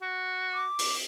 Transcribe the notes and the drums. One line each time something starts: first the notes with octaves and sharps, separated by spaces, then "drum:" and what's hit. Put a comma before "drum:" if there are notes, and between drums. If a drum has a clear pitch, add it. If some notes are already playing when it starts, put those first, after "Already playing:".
F#4
D6
drum: open hi-hat